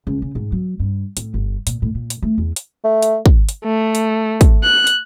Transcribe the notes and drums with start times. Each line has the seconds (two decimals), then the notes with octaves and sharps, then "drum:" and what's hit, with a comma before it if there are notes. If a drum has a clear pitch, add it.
0.07 C#2
0.22 C#3
0.35 G#2
0.52 F#3
0.80 G2
1.17 A2, drum: hi-hat
1.34 G1
1.67 A#2, drum: hi-hat
1.82 A2
1.95 A#2
2.10 drum: hi-hat
2.22 A3
2.38 E2
2.56 drum: hi-hat
2.84 A3
3.03 drum: hi-hat
3.26 drum: kick
3.49 drum: hi-hat
3.64 A3
3.95 drum: hi-hat
4.41 drum: kick, hi-hat
4.64 F#6
4.87 drum: hi-hat